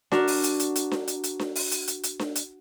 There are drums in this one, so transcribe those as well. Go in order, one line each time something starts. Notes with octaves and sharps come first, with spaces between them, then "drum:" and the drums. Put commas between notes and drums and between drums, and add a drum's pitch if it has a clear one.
D4 F#4 A#4, drum: snare D4
drum: open hi-hat
drum: hi-hat
drum: hi-hat
drum: hi-hat
drum: snare D4
drum: hi-hat
drum: hi-hat
drum: snare D4
drum: open hi-hat
drum: hi-hat
drum: hi-hat
drum: hi-hat
drum: snare D4
drum: hi-hat